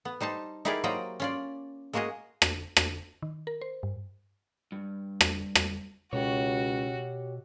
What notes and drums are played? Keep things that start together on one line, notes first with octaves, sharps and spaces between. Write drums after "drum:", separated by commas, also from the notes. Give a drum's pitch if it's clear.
B3
G3 D#4 C5 A5
D#4 E4 G4 G#4 A#4 D5
F#3 A#3 C5 D5 D#5 G5
C#4 F4 D5
G#3 A#3 F#4 G#4 D#5
drum: rim click
drum: rim click
D#3
A#4
C5
G2
G2
drum: rim click
drum: rim click
C#2 B2 F#4 G4 C#5